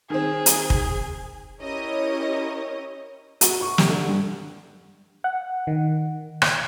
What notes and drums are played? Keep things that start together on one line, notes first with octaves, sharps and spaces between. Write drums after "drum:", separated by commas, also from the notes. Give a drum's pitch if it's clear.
D#3 C4 G#4
drum: hi-hat
drum: kick
C#4 E4 G4 A#4 C#5 D#5
F#4, drum: hi-hat
C#6
C3, drum: snare
D3
G2
F#5
D#3
drum: rim click